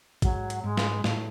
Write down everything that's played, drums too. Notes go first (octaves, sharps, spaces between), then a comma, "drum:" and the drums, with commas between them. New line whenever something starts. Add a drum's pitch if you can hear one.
G#2 F#3, drum: kick, hi-hat
drum: hi-hat
G#2 G#3
drum: snare
A2 A3, drum: snare